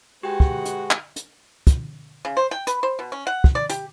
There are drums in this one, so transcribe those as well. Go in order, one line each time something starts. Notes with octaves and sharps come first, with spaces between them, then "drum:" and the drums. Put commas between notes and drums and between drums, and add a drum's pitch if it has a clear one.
G#3 F#4 G4 B4 G5
drum: kick
drum: hi-hat
drum: clap
drum: hi-hat
drum: kick, hi-hat
C#3
C5
G5
B4, drum: hi-hat
C5
B2
C#4
F#5
drum: kick
D5
G4, drum: hi-hat